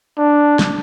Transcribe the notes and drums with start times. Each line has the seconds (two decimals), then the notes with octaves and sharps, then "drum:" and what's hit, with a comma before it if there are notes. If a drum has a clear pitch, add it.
0.18 D4
0.59 drum: snare